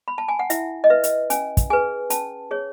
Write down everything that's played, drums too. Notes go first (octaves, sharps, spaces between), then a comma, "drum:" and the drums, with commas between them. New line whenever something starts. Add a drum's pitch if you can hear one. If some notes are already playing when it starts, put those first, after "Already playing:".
B5
A5
G#5
F#5
E4 E5, drum: hi-hat
D#5
B4 E5
drum: hi-hat
C#4 G#5, drum: hi-hat
drum: kick, hi-hat
G#4 B4 G#5
C#4 A5, drum: hi-hat
G#4 C#5